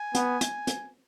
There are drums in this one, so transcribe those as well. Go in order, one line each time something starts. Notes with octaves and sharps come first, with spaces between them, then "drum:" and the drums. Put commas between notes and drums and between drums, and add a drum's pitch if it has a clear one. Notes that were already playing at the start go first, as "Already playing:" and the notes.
Already playing: G#5
B3, drum: hi-hat
drum: hi-hat
drum: hi-hat